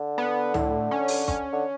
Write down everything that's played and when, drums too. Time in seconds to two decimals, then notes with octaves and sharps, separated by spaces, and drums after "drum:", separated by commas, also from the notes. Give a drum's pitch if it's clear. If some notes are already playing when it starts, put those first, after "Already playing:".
Already playing: D3
0.18 B3
0.54 A2, drum: tom C#2
0.91 C#4
1.08 drum: open hi-hat
1.28 C#4, drum: kick
1.53 D3